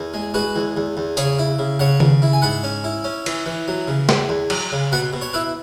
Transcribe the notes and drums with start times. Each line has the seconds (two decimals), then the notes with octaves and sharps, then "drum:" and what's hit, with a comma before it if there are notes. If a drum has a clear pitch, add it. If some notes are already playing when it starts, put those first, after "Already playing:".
Already playing: E2
0.14 G#3
0.34 G#3 F#4 B4
0.56 E2
0.77 E2
0.97 E2
1.17 C#3 G#4 C#5, drum: tambourine
1.39 E4
1.59 C#3
1.79 C#3 C#5 F#5
2.00 C#3, drum: tom D#3
2.22 E4
2.33 G#5
2.42 G#2 F#5 B5
2.63 C#4
2.84 E4
3.04 C#4
3.26 E3, drum: cymbal
3.46 E3
3.68 F#3
3.88 C#3
4.09 E2, drum: snare
4.29 E2
4.50 F#3, drum: cymbal
4.72 C#3
4.92 B2 F#5 B5
5.13 B2
5.21 C#5
5.33 E4 B4 E5